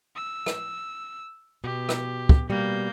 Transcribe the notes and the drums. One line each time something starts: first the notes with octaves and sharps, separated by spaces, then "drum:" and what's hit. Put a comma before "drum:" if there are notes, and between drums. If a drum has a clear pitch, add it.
E6
drum: rim click
B2 G4
drum: rim click
drum: kick
B2 G3 A#3 G6